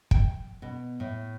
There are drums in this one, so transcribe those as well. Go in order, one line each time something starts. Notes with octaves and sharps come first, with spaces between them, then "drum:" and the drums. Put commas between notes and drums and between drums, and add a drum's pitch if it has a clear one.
G5, drum: kick
B2
A2